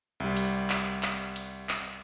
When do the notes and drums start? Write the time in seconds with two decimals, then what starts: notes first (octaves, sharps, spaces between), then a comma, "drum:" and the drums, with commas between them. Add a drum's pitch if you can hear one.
0.20 C2 G3
0.37 drum: hi-hat
0.70 drum: clap
1.03 drum: clap
1.36 drum: hi-hat
1.69 drum: clap